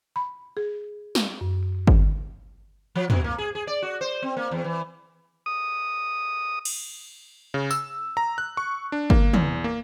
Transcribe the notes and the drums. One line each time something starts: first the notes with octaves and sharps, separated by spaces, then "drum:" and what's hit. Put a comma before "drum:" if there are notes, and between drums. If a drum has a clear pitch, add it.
B5
G#4
drum: snare
F#2
drum: kick G1
F3
B2, drum: tom
A#3
G#4
G#4
D5
F#4
C5
C4
A#3
E2
E3
D#6
drum: cymbal
C#3
E6, drum: tambourine
A#5
F#6
C#6
D4
A#3, drum: kick G1
E2, drum: tom
A#3